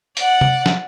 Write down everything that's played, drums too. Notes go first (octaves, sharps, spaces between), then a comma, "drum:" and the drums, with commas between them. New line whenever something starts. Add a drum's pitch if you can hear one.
D5 F#5, drum: hi-hat
drum: tom C3
drum: snare